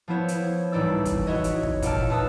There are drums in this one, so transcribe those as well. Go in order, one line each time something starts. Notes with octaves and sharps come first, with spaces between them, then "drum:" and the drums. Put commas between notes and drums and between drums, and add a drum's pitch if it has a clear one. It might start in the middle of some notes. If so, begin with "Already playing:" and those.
F3 B3 E4 C5 C#5
drum: hi-hat
C2 A2 E3 D#4 D5 E6
drum: kick, hi-hat
E4 F#4 C#5 D#5
drum: hi-hat
drum: kick
A#2 A4 G5 A5 F6, drum: kick, hi-hat
D#4 F4 B4 A5 D#6 E6